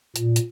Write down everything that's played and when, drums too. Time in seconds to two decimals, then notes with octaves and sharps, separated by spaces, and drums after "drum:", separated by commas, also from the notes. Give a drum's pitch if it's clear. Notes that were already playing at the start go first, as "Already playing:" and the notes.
0.16 A#2, drum: hi-hat
0.36 drum: hi-hat